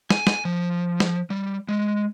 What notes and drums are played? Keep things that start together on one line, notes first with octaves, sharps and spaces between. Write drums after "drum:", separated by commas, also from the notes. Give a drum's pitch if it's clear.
G#5, drum: snare
drum: snare
F3
drum: snare
G3
G#3